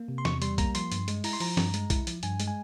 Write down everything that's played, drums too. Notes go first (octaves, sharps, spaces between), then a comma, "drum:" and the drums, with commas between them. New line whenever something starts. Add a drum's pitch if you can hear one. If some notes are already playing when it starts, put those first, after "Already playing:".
Already playing: A#3
C3
C6
E2 C#6, drum: snare
G3 C6, drum: hi-hat
A#3 A#5, drum: kick B1, hi-hat
F3 C6, drum: hi-hat
G2, drum: hi-hat
G#3, drum: hi-hat
E4 A#5, drum: open hi-hat
C6
F3 A#5, drum: open hi-hat
G2, drum: snare
G#3, drum: hi-hat
E4, drum: kick B1, hi-hat
F3, drum: hi-hat
G2 G#5, drum: hi-hat
G#3, drum: hi-hat
G#5